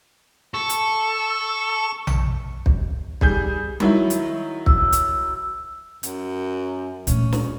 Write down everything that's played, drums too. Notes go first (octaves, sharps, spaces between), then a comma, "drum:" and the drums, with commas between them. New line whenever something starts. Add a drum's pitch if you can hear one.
A4 C#6
drum: hi-hat
drum: tom A#1
drum: kick
G3 G#4 G6, drum: kick
D#3 F#3 E4, drum: tom F#3
drum: hi-hat
E6, drum: kick
drum: hi-hat
F#2, drum: hi-hat
A#2 A3 C#4, drum: hi-hat
drum: snare